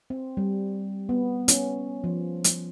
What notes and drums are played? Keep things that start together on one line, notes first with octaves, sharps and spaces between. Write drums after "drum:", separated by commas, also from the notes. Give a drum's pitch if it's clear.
C4
G3
B3
C#4, drum: hi-hat
F3
drum: hi-hat